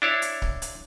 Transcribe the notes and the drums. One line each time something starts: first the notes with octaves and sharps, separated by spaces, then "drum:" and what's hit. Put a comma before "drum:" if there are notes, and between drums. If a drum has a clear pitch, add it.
D4 E4 C#5
drum: hi-hat
drum: kick C#1
drum: hi-hat